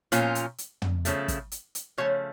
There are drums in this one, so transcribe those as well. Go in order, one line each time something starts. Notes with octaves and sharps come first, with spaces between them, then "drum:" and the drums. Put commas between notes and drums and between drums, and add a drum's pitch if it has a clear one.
A#2 F3 C#4 F4, drum: hi-hat
drum: hi-hat
drum: hi-hat
drum: tom
C#3 F3 A3, drum: hi-hat
drum: kick, hi-hat
drum: hi-hat
drum: hi-hat
C#3 F3 A3 C#5